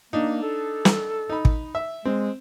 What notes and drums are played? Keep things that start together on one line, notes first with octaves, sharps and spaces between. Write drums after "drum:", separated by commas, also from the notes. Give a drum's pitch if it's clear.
A#3 D4 D#4
A4
drum: snare
D#4 B5
drum: kick
E5
G#3 C4